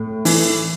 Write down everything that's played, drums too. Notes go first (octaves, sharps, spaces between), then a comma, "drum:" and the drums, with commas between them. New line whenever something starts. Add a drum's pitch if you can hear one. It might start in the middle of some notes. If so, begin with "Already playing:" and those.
Already playing: A2
E3, drum: open hi-hat